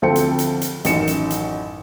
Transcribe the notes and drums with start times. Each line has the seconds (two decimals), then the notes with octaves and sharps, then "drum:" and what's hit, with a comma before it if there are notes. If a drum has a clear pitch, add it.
0.02 D2 F3 C4 A4 G5 C#7
0.16 drum: hi-hat
0.39 drum: hi-hat
0.62 drum: hi-hat
0.85 A1 F#2 D#3 C#7 E7, drum: hi-hat
1.07 drum: hi-hat
1.30 drum: hi-hat